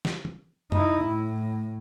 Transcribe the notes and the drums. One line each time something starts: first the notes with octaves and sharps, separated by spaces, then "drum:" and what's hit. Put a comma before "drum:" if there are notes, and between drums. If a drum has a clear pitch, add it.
drum: snare
drum: tom
D#4 E4, drum: tom F#2
A2